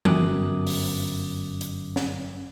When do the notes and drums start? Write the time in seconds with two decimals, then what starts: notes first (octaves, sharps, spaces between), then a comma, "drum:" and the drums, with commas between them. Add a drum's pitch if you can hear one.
0.05 G1 F#2 D6 D#6 F#6, drum: tom E3
0.67 drum: open hi-hat
1.61 drum: hi-hat
1.96 drum: snare